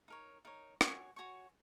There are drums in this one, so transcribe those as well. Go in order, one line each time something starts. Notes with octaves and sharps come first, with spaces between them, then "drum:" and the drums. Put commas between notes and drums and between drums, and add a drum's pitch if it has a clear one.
D#4 A#4 C#5
D#4 A#4 C#5
F#4 C#5 G#5 C#6, drum: rim click
F#4 C#5 G#5 C#6